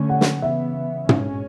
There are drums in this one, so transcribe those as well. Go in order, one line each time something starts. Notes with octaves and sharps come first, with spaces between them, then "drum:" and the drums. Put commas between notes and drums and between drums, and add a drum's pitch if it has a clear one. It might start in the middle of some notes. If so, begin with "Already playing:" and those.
Already playing: D3 A3 C#4
F#5
drum: snare
C#3 E3 B3 E5
B2 G#3 C#4, drum: tom